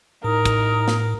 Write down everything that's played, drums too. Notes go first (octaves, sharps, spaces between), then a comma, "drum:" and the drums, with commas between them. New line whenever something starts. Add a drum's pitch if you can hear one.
A2 D#4 A#4 A#5 D#6
drum: kick, hi-hat
drum: snare